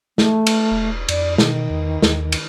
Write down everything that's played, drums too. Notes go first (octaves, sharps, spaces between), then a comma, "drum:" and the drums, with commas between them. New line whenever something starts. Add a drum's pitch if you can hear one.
A3, drum: snare
drum: cymbal
E1
F2 D5, drum: cymbal
B2 D#3, drum: snare
E2
D#2, drum: snare
drum: cymbal